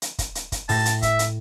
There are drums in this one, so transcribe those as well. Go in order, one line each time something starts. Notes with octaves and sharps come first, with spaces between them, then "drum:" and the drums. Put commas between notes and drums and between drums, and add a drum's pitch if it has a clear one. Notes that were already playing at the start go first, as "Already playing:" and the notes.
drum: hi-hat
drum: kick, hi-hat
drum: hi-hat
drum: kick, hi-hat
A2 A5 A#6, drum: open hi-hat
drum: hi-hat
E5, drum: kick, hi-hat
drum: hi-hat